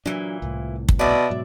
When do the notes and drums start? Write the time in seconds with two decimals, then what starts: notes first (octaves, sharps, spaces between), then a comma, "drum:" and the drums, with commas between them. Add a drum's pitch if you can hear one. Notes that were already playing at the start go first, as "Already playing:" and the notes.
0.06 A#2 E3 F#3 D4
0.42 C2 A2
0.89 drum: kick
0.99 B2 D5 E5
1.30 G#2 B2 F#3